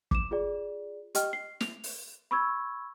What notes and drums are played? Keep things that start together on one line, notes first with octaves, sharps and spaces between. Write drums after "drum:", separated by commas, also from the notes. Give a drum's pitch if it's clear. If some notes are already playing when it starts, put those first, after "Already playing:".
D6 E7, drum: kick
F4 G#4 D5
G4 D#5 G5 F6, drum: hi-hat
C7
F7, drum: snare
drum: open hi-hat
B5 C#6 E6 G#6